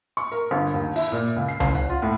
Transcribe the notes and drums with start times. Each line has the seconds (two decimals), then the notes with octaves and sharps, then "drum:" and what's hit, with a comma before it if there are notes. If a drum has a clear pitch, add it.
0.17 C#6
0.32 A#4
0.51 G1
0.74 D#2
0.96 E4, drum: open hi-hat
1.12 A#2
1.36 C#2
1.48 C7
1.60 F#1, drum: tom C#2
1.75 F#5
1.90 F4
2.02 A2